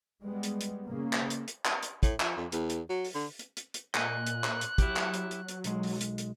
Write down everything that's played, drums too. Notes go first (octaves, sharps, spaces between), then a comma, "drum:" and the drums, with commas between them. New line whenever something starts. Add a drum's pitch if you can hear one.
G3 G#3 B3
drum: hi-hat
drum: hi-hat
C#3 A#3
drum: clap
drum: hi-hat
drum: hi-hat
drum: clap
drum: hi-hat
A2, drum: kick, hi-hat
F3, drum: clap
F2
E2, drum: hi-hat
drum: hi-hat
F#3
drum: open hi-hat
D3
drum: hi-hat
drum: hi-hat
drum: hi-hat
A#2 D#5 G#5 F#6, drum: clap
drum: hi-hat
drum: clap
drum: hi-hat
F#3 E4 G4, drum: kick, hi-hat
drum: clap
drum: hi-hat
drum: hi-hat
drum: hi-hat
B1 G#3, drum: hi-hat
drum: open hi-hat
drum: hi-hat
drum: hi-hat